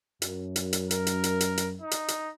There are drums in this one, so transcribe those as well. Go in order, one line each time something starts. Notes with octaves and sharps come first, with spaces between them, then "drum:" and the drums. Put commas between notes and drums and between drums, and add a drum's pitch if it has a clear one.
F#2, drum: hi-hat
drum: hi-hat
drum: hi-hat
A#4, drum: hi-hat
drum: hi-hat
drum: hi-hat
drum: hi-hat
drum: hi-hat
D#4
drum: hi-hat
drum: hi-hat